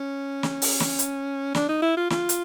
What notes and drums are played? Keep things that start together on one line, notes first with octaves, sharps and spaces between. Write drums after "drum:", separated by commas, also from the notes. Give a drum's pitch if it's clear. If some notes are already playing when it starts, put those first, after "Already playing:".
Already playing: C#4
drum: snare
drum: open hi-hat
drum: snare
drum: hi-hat
D4, drum: snare
D#4
E4
F4
F4, drum: snare
drum: hi-hat